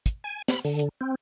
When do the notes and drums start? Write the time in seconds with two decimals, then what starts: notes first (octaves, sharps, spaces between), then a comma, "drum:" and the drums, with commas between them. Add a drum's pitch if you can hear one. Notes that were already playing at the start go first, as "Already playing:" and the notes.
0.06 drum: kick, hi-hat
0.24 G#5
0.48 B5, drum: snare
0.65 D3, drum: open hi-hat
0.79 drum: hi-hat
1.01 C4